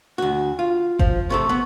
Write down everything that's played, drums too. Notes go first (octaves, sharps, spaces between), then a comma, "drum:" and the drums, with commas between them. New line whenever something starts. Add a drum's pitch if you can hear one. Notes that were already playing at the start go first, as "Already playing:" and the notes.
D2 F#4
F4
F3, drum: kick G1
C3 A3 A4 C#6
B3